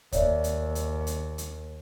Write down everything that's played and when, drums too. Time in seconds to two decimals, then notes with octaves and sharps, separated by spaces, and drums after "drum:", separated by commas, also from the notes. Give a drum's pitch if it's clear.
0.12 D#2 C#5 D5 E5, drum: kick, hi-hat
0.44 drum: hi-hat
0.75 drum: hi-hat
1.07 drum: hi-hat
1.38 drum: hi-hat